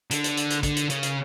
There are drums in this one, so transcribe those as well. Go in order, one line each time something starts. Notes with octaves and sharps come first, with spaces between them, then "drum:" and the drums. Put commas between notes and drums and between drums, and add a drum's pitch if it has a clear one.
D3, drum: hi-hat
drum: hi-hat
drum: hi-hat
drum: hi-hat
D3, drum: kick, hi-hat
drum: hi-hat
C#3, drum: hi-hat
drum: hi-hat